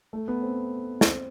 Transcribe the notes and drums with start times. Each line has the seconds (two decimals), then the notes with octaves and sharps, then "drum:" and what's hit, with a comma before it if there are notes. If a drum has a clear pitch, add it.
0.13 A3
0.28 B3
0.42 C4
1.01 C4, drum: snare